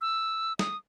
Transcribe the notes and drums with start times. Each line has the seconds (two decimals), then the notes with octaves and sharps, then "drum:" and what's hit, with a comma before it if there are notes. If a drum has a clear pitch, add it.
0.01 E6
0.59 D#6, drum: snare